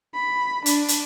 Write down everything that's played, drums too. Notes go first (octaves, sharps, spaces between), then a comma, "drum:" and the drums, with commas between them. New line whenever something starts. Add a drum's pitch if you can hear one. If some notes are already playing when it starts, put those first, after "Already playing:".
B5
D4, drum: hi-hat
drum: hi-hat